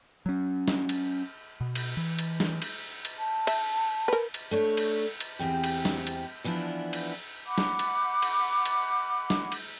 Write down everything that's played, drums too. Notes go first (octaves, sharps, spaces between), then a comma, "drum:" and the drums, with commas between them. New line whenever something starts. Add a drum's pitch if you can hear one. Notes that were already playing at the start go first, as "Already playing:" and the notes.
F#3 C#4
drum: snare
drum: cymbal
B2
drum: cymbal
E3
drum: cymbal
drum: snare
drum: cymbal
drum: cymbal
A5
E5, drum: cymbal
A#4 B4
drum: cymbal
A3 D4 C#5
drum: cymbal
drum: cymbal
E2 C4 G4
drum: cymbal
drum: snare
drum: cymbal
E3 F3 B3 D4 E4
drum: cymbal
F#5 B5 D6
drum: snare
drum: cymbal
drum: cymbal
drum: cymbal
drum: snare
drum: cymbal